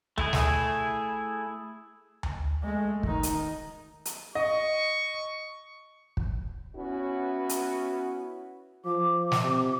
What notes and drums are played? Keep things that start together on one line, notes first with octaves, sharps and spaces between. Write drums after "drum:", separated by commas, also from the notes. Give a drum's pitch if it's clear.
A3 E4 G#4, drum: tom D2
drum: snare
drum: tom D2
G#3 A3
D#3 D#4, drum: kick
drum: hi-hat
drum: hi-hat
D#5 C#6
drum: kick
B3 C#4 E4 F#4
drum: hi-hat
F3 D6
drum: snare
C3